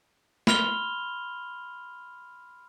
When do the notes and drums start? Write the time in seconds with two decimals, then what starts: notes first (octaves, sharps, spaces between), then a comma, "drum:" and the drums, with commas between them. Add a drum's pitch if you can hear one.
0.47 B5 C6 F6 F7 G7, drum: snare